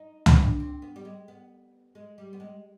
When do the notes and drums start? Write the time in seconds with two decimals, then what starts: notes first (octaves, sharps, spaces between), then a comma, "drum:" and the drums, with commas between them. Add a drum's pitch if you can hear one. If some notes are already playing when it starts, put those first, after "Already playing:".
Already playing: D#4
0.26 D4, drum: tom
0.60 C4
0.82 B3
0.96 G3
1.05 G#3
1.28 B3
1.95 G#3
2.18 G3
2.33 B3
2.40 G#3